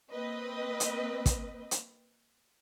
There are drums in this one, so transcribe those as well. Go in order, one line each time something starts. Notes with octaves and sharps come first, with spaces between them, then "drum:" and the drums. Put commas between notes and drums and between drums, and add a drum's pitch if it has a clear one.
A#3 C4 B4 D#5
drum: hi-hat
drum: kick, hi-hat
drum: hi-hat